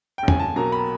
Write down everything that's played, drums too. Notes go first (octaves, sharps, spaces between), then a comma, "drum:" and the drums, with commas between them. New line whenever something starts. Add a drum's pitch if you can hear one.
B1 G5
G#5, drum: tom E2
A5
B2 F#3 A#3 A#5
B5